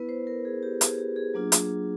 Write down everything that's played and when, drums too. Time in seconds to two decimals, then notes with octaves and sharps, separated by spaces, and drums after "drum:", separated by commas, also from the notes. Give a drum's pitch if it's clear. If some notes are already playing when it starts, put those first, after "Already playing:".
Already playing: B3 E4 B4
0.09 C5
0.27 A#4
0.45 G#4
0.63 G4
0.81 G#4, drum: hi-hat
0.98 G4
1.16 G#4
1.34 F#3 A#3 D4 F4
1.52 drum: hi-hat